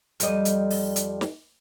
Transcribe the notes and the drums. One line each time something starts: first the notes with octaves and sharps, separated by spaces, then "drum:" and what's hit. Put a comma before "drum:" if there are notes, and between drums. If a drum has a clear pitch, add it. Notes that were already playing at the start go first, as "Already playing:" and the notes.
F2 G3 D#5, drum: hi-hat
drum: hi-hat
drum: open hi-hat
drum: hi-hat
drum: snare